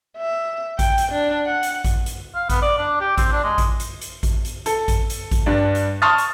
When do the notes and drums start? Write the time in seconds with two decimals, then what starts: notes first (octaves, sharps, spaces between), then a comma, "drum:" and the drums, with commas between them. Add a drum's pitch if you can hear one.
0.17 E5
0.79 G5, drum: kick A1, hi-hat
0.98 drum: hi-hat
1.12 D4
1.46 F#5
1.63 drum: hi-hat
1.84 drum: kick A1, hi-hat
2.06 drum: hi-hat
2.35 F5
2.50 B3, drum: kick A1, hi-hat
2.62 D5
2.78 D4
3.01 G4
3.18 C4, drum: kick A1, hi-hat
3.32 D4
3.44 G#3
3.58 drum: kick A1, hi-hat
3.80 drum: hi-hat
4.01 drum: hi-hat
4.23 drum: kick A1, hi-hat
4.45 drum: hi-hat
4.66 A4, drum: hi-hat
4.88 drum: kick A1, hi-hat
5.10 drum: hi-hat
5.31 drum: kick A1, hi-hat
5.46 G2 D4
5.75 drum: hi-hat
6.02 A5 C6 C#6 D#6 F6 A6
6.18 drum: hi-hat